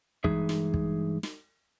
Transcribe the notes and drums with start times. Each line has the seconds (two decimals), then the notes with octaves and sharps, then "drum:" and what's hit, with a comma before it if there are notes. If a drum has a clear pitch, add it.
0.24 G2 E3 G#3 D#4 G#4 E5, drum: kick
0.49 drum: snare
0.74 drum: kick
1.23 drum: snare